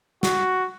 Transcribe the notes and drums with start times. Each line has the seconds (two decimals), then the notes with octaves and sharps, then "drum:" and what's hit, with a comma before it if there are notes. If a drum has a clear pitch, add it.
0.23 F#4, drum: snare